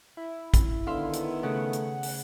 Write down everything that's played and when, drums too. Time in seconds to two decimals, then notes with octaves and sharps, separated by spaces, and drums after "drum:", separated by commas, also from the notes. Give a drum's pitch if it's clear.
0.17 E4
0.54 drum: kick, hi-hat
0.87 D3 D#3 B3 E5 F5 C6
1.13 drum: hi-hat
1.43 C#3 A3 F#5
1.73 drum: hi-hat
2.03 drum: open hi-hat